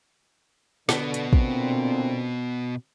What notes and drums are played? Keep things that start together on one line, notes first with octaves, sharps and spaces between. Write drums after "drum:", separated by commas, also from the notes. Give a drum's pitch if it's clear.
B2 D3 B3, drum: snare
drum: hi-hat
A#2 D3 C4, drum: kick